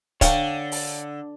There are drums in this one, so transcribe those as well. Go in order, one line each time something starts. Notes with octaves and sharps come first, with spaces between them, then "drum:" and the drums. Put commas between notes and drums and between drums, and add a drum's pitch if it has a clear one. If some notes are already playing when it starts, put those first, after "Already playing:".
D3 C#5 F5 G5, drum: kick, hi-hat
drum: open hi-hat